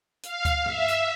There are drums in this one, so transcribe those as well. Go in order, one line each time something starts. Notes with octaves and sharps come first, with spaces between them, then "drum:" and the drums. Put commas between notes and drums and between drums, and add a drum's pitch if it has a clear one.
F5, drum: hi-hat
drum: kick D2, hi-hat
E5, drum: tom G2
drum: hi-hat